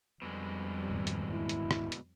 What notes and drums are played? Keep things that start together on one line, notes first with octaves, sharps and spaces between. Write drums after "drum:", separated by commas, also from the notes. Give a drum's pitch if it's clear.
F2 B2 D3 G3 G#3
D#1 G#2 D#3
drum: hi-hat
E4
drum: hi-hat
drum: rim click
drum: hi-hat